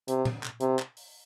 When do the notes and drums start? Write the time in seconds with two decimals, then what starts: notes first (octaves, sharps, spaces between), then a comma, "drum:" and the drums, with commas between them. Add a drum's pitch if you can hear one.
0.08 C3, drum: hi-hat
0.25 drum: tom A#2
0.43 drum: clap
0.61 C3, drum: hi-hat
0.79 drum: clap
0.97 drum: open hi-hat